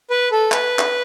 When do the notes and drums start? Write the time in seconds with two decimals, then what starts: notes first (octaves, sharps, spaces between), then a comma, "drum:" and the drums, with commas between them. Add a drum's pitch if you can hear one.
0.10 B4
0.32 A4
0.52 B4, drum: clap
0.79 drum: clap